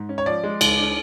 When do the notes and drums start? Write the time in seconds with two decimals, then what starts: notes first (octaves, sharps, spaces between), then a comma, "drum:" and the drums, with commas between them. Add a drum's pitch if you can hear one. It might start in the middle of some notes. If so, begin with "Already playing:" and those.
Already playing: G#2
0.09 C#4
0.18 C#5
0.26 F3 D5
0.43 G#3
0.61 C#2, drum: cymbal
0.77 D4